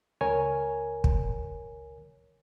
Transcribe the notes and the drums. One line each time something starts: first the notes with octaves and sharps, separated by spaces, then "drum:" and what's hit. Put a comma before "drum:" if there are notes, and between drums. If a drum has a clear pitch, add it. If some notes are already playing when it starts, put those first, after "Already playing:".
C#2 A#4 C#5 G#5
drum: kick